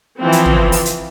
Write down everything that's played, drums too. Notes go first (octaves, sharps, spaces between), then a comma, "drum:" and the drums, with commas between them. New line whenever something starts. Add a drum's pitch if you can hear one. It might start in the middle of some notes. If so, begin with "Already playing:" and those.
E3 F3 C4
drum: hi-hat
drum: tom
drum: open hi-hat
drum: hi-hat